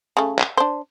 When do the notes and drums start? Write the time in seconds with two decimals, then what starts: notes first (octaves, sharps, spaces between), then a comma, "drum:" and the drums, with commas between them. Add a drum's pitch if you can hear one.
0.17 C#3 A3
0.39 drum: clap
0.57 D4 C5